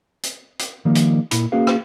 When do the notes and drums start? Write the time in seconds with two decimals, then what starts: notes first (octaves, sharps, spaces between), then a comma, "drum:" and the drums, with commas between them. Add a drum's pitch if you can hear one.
0.23 drum: hi-hat
0.59 drum: hi-hat
0.85 D#3 F3 G3 A#3 D#4
0.95 drum: hi-hat
1.31 A#2 E4 B5, drum: hi-hat
1.52 A#3 C#4 F#4 G#4 B4 F5
1.67 drum: rim click